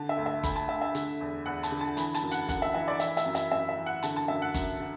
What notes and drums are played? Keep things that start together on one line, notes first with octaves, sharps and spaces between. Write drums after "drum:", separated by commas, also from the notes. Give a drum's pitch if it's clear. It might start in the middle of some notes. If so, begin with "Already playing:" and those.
Already playing: D3 A5
E5
D2
E5
D2 B5, drum: kick G1, hi-hat
A5
D3 E5
E5
D3, drum: hi-hat
E2
E2 F#5
A5, drum: hi-hat
D3
A5
E3 B5, drum: hi-hat
A5, drum: hi-hat
F#2
F#5, drum: hi-hat
F#2 F#5, drum: kick G1, hi-hat
E5
E3 E5
D5
E3 E5, drum: hi-hat
E5, drum: hi-hat
F#2
E5, drum: hi-hat
F#2 E5
E5
E3
F#5
D3 A5, drum: hi-hat
A5
F#2 E5
F#5
F#2, drum: kick G1, hi-hat
D3